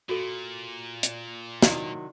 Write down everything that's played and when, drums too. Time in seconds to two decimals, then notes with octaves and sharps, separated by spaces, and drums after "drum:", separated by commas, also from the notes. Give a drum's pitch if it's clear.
0.09 A#2 F#4 A4
1.03 D5, drum: hi-hat
1.62 C3 D#3 F#3 E4 D5, drum: snare